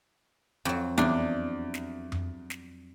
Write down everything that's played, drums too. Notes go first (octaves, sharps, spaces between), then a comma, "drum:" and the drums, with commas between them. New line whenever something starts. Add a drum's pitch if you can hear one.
F2 F#3
E2 D4, drum: snare
drum: snare
drum: tom F2
drum: snare